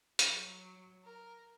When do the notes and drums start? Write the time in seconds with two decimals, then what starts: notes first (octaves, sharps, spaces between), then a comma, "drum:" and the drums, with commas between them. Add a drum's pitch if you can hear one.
0.19 F#3, drum: hi-hat
1.04 A#4